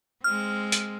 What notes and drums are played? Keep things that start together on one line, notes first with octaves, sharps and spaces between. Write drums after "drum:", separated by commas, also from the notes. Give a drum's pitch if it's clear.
G#3 C4 F6
drum: hi-hat